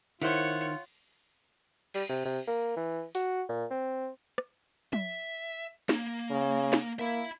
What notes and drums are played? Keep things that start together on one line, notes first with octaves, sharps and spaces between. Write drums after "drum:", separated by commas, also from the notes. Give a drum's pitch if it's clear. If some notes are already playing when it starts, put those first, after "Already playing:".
D#3 E4 F4 A#4 C5 C#5 F#5, drum: cymbal
G3, drum: cymbal
C3
C3
A#3
E3
F#4, drum: open hi-hat
A#2
C4
drum: rim click
E5, drum: tom
A#3, drum: snare
C#3
drum: snare
A#3 E5 B5